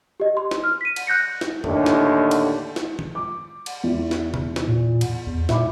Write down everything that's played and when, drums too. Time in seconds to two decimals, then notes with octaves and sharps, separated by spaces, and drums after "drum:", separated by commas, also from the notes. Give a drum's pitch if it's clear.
0.20 G4 D#5
0.37 C6
0.51 drum: snare
0.64 F6
0.81 B6 D#7
0.96 drum: cymbal
1.07 F#6 G6 A#6 C#7
1.41 drum: snare
1.64 D#2 A2 D3, drum: tom F#2
1.86 drum: snare
2.31 drum: cymbal
2.76 drum: snare
2.99 drum: tom
3.15 D6
3.66 drum: cymbal
3.84 E2 E3
4.11 drum: snare
4.34 drum: tom
4.56 drum: snare
4.67 A#2
5.01 drum: cymbal
5.27 E2
5.49 A#2 E5 B5 D6, drum: snare